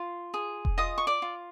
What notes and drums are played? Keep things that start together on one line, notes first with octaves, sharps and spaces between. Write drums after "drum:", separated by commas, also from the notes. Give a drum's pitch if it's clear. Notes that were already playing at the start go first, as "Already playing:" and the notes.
Already playing: F4
G#4
drum: kick E1
F4 D#5 D#6
C#6
D5 D6
F4